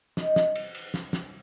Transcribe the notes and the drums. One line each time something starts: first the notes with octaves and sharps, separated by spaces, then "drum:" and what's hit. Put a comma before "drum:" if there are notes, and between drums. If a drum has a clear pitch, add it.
D#4 D#5, drum: snare
drum: snare
drum: cymbal
drum: cymbal
drum: snare
drum: snare